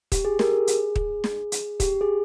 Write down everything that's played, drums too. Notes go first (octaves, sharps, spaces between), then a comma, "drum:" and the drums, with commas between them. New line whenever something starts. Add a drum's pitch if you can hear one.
G4, drum: kick, hi-hat
G#4
G4 A#4, drum: snare
G#4
drum: hi-hat
drum: kick
drum: snare
drum: hi-hat
G4, drum: kick, hi-hat
G#4